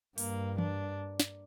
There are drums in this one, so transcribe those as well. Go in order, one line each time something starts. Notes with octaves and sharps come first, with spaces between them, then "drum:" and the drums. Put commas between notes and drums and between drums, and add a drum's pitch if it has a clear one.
G2 A#3, drum: open hi-hat
D4, drum: tom E3
drum: snare